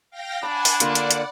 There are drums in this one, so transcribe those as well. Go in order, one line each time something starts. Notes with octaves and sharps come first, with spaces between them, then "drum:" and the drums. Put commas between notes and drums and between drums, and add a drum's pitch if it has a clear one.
F5 G5 A#6
D4 F#5 G#5 A5 B5
drum: open hi-hat
D3 A#3 F4 D5 F#5, drum: hi-hat
drum: hi-hat
drum: hi-hat